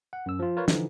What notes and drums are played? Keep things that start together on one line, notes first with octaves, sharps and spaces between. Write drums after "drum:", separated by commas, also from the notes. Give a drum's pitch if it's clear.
F#5
F#2 E6
F3 F4
F4 A#4 B4 C#5
D3 E3 F3 D#4, drum: snare